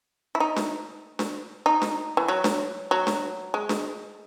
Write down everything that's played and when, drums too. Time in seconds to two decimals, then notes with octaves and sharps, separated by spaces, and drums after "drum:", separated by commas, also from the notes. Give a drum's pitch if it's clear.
0.35 E4
0.40 D#4
0.56 drum: snare D4
1.19 drum: snare D4
1.66 D#4
1.82 drum: snare D4
2.17 E3
2.28 F#3
2.44 drum: snare D4
2.91 F#3
3.07 drum: snare D4
3.54 G#3
3.69 drum: snare D4